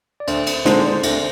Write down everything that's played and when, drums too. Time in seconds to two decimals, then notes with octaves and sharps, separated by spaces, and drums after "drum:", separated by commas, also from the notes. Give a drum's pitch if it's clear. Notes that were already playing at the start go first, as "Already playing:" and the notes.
0.20 D5
0.27 D2 C5, drum: cymbal
0.46 drum: cymbal
0.65 D3 G#3 C4 D#4 C5, drum: snare
0.79 D5
0.92 C5
1.03 D2, drum: cymbal